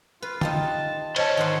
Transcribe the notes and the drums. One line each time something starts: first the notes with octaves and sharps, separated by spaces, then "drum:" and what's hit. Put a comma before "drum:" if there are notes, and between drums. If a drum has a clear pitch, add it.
F4 B4
D#4 F4 G4 A5, drum: tom
C#4 C5 C#5 D#5 A5 C6, drum: cymbal
G#2 D#3 F#5 C6